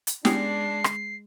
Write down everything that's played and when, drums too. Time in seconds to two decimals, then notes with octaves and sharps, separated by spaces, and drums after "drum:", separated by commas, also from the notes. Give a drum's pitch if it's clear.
0.07 drum: hi-hat
0.25 G#3 B3 C#4 D4 G4 C7, drum: snare
0.84 drum: rim click